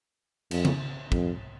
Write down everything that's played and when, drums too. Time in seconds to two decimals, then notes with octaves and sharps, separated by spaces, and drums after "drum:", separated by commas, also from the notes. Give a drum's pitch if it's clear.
0.51 F2, drum: cymbal
0.65 drum: tom C#3
1.12 F2, drum: kick